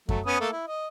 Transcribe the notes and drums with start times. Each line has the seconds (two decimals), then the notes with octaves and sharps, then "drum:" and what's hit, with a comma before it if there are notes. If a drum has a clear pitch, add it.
0.09 F#3 A3, drum: kick F#2
0.26 B3 C#4 D#6
0.40 A3 A#3 A4
0.52 E4
0.67 D#5